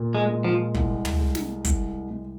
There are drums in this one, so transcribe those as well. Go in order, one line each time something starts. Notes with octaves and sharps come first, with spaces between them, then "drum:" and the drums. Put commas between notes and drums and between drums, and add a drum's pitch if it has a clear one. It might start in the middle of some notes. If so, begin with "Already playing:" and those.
Already playing: A#2
G#3
G#3
F3
C2, drum: kick
drum: tom
G#3
drum: snare
C2, drum: kick, hi-hat
C2